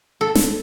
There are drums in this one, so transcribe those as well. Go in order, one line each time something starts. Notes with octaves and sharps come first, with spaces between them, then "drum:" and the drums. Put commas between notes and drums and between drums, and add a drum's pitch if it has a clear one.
A4
drum: snare